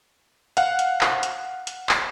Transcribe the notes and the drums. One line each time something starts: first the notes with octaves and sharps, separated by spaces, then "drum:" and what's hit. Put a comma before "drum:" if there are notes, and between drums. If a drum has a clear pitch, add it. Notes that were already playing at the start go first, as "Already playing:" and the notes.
F5 F#5, drum: hi-hat
drum: hi-hat
drum: clap
drum: hi-hat
drum: hi-hat
drum: clap